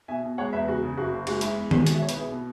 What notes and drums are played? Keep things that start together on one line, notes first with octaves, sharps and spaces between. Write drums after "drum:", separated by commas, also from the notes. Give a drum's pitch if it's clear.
B2 E5 G#5
B2
G#3 C#5 F#5
E2 B4 E5
C#3 F#4
C#3
F#1 F#4
F#1
G#3 F#4, drum: cymbal
G#3 E4, drum: hi-hat
E2
G#3, drum: tom D#3
B2 F#4, drum: hi-hat
E5
B1 C#5
B4, drum: hi-hat
B2 E4 G#4
B2